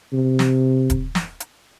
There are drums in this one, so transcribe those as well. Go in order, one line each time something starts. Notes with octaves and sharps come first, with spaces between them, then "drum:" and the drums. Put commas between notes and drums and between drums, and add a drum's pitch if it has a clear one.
C3
drum: snare
drum: kick D#1, hi-hat
drum: snare
drum: hi-hat